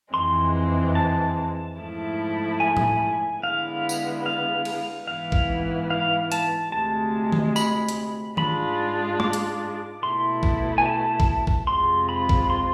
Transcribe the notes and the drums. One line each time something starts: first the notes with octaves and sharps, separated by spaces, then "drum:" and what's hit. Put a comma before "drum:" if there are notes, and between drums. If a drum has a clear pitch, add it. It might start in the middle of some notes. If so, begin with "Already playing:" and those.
F2 E3 G#3 C4 C6
A5
G#2 F3 A3 E4
G#5
drum: tom A2
D3 G#3 B3 E4 F5
drum: tambourine
F5
drum: cymbal
G#2 E3 B3 E4 F5
drum: kick A1
F5
A5, drum: hi-hat
D2 C3 G#3 A5
drum: tom D#3
B5, drum: tambourine
drum: hi-hat
G#2 G#3 D4 F4 B5, drum: tom D#3
D6, drum: tom G#3
drum: hi-hat
B2 A3 E4 C6
drum: kick A1
G#5
A5
drum: kick A1
drum: kick A1
F2 C3 G#3 C4 F4 C6
B5
drum: kick A1
C6